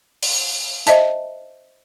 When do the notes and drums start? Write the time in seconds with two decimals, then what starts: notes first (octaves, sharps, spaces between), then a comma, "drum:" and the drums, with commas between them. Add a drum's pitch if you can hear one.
0.23 drum: open hi-hat
0.87 C5 D#5 E5 A5, drum: hi-hat